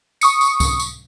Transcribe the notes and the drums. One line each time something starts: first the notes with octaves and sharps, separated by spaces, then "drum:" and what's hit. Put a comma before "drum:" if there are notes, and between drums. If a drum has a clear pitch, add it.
C#6 D#6 C#7, drum: tambourine
drum: tambourine
drum: kick C#2, tambourine
drum: tambourine